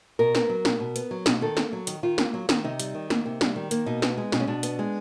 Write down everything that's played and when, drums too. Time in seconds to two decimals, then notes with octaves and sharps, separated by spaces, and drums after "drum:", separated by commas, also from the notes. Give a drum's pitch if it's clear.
0.19 B2 A#4
0.35 B3, drum: snare
0.49 F#3
0.65 B2, drum: snare
0.80 B2
0.96 B3, drum: hi-hat
1.11 F#3
1.26 B2, drum: snare
1.41 D#3 A4
1.57 A#3, drum: snare
1.73 F#3
1.87 D#3, drum: hi-hat
2.03 D#3 F4
2.18 A#3, drum: snare
2.34 F#3
2.49 D#3, drum: snare
2.64 C3 D#4
2.80 G3, drum: hi-hat
2.94 D#3
3.10 A#3, drum: snare
3.26 C3
3.41 G3, drum: snare
3.56 D#3
3.71 A#3, drum: hi-hat
3.86 B2 D#4
4.02 B3, drum: snare
4.17 G#3
4.32 B2, drum: snare
4.40 C#4
4.47 B2 D4
4.63 B3, drum: hi-hat
4.79 G#3